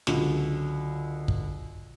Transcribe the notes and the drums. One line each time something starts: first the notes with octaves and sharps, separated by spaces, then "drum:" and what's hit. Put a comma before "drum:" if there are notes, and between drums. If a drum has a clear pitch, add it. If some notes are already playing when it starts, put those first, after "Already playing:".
C#2 D3 F#3, drum: snare
drum: kick